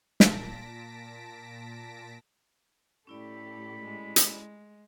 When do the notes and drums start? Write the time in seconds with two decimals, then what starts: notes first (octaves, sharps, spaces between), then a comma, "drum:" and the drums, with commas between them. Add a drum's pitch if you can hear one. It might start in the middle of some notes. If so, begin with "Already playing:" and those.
0.20 A#2 A5 A#6 B6 D7, drum: snare
3.07 A2 C#4 E4 G4 A4 D5 B5
3.81 G#3
4.16 drum: hi-hat